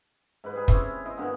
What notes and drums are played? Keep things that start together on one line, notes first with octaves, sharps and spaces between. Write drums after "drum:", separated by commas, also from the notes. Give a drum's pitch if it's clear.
G#2 B4
G3 G#4
C4 C#4 E4 C5, drum: kick
E4 C5 D#5
G2 A#2 D3 B3